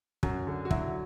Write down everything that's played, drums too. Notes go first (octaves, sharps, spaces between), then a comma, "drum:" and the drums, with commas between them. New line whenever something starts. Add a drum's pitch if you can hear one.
F#2 F#4, drum: kick
D3
F#4
F#3 E4, drum: kick